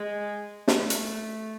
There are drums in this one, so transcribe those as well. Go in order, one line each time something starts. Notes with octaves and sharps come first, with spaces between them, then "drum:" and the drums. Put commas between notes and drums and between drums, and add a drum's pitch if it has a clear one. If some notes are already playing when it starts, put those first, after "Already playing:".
Already playing: G#3
A3, drum: snare
drum: hi-hat